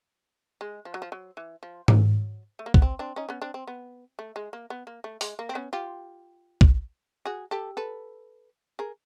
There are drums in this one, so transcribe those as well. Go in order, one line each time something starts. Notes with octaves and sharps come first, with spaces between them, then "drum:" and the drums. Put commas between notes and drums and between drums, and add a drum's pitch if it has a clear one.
G#3
F3
F#3
F3
F#3
E3
F3
F#3, drum: tom G#2
A3
A#3
B3, drum: kick
C4
C4 D4
C#4 D#4
B3 C#4
C4 D4
C4
B3
A3
G#3
A#3
B3
A#3
A3
G#3, drum: open hi-hat
A#3
C4
B3 C#4
F4 G4
drum: kick
F#4 G#4
G4 A4
A4 B4
G#4 A#4